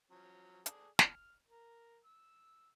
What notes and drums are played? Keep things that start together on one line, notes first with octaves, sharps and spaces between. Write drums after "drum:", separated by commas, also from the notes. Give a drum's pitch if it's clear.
F3 F#3 C#4
G#4 A4 D5, drum: hi-hat
F6, drum: snare
A#4
E6